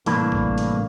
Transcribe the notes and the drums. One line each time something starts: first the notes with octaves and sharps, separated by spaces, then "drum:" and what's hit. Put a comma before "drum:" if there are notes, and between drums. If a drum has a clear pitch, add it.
C2 A2 E3 A#3 D4 B5, drum: hi-hat
drum: kick
drum: hi-hat